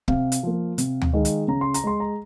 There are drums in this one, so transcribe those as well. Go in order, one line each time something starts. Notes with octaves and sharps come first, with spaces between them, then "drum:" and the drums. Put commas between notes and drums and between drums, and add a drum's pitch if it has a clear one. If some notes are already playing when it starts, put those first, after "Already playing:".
C3 F5, drum: kick
drum: hi-hat
F3 A#3
C3, drum: hi-hat
drum: tom D2
D#3 G#3
drum: hi-hat
C#3 A#5
C6
A#5, drum: hi-hat
G#3 C6
A#5